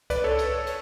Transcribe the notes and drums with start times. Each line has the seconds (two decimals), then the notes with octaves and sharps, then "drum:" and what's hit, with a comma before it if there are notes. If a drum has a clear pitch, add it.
0.10 B4 D5, drum: kick C2, cymbal
0.24 A4 C#5
0.38 drum: cymbal
0.67 drum: cymbal